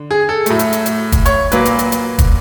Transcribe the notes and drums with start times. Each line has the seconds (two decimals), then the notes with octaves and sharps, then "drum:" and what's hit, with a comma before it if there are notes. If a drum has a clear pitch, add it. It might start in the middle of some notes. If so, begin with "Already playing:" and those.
Already playing: D3
0.11 G#4
0.29 A4
0.46 A2 F#3 A3, drum: hi-hat
0.59 drum: hi-hat
0.72 drum: hi-hat
0.86 drum: hi-hat
1.12 drum: kick, hi-hat
1.26 C#5, drum: hi-hat
1.52 A#2 F#3 A#3 B4, drum: hi-hat
1.65 drum: hi-hat
1.79 drum: hi-hat
1.92 drum: hi-hat
2.18 drum: kick, hi-hat